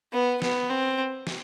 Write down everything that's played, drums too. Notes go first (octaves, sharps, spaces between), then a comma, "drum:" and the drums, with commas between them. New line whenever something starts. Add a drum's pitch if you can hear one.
B3
B3, drum: snare
C4
drum: snare